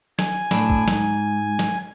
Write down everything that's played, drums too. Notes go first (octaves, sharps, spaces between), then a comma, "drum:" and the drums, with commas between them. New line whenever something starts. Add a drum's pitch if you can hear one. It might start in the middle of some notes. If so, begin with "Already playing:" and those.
G#5, drum: snare
A2 D4 E4, drum: snare
drum: kick A#1
G#2, drum: snare
drum: snare